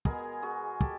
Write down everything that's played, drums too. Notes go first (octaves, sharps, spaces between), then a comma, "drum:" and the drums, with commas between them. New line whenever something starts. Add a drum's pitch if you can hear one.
B2 G#3 B3 G#4 A#4, drum: kick
F#4 G#4
G4 A4, drum: kick